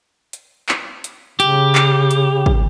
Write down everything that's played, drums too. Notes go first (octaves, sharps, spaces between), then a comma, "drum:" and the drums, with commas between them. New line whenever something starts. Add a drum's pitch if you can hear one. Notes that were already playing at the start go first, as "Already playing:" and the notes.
drum: hi-hat
drum: clap
drum: hi-hat
C#3 G4, drum: hi-hat
drum: clap
drum: hi-hat
drum: kick G#1